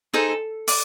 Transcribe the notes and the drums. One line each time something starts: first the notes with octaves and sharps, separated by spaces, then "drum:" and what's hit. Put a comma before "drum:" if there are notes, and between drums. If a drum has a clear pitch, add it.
D#4 G#4 A4 C5
D5, drum: open hi-hat